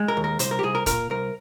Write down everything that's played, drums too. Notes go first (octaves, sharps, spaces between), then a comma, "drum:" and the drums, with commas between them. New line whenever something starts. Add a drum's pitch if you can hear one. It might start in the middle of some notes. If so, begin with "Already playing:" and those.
Already playing: G#3
A#4
D#2
A#4
C2 C5, drum: hi-hat
A#4
G4
C2 G#4
A#4
A#2 A#4, drum: kick, hi-hat
C2 A#4